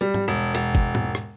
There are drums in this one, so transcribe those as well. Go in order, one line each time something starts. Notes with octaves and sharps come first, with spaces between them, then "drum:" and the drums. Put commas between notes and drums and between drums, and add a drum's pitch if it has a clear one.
G3
drum: tom G#2
E1
E1, drum: hi-hat
drum: kick G1
drum: tom
drum: rim click